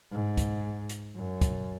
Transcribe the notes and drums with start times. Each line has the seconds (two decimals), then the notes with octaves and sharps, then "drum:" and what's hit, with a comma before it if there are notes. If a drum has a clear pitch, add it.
0.11 G#2
0.37 drum: kick, hi-hat
0.89 drum: hi-hat
1.15 F#2
1.41 drum: kick, hi-hat